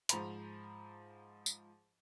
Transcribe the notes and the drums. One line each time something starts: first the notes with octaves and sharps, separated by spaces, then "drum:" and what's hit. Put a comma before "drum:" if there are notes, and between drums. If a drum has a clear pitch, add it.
G#2 F3 C5 A#5 B5 F7, drum: hi-hat
drum: tambourine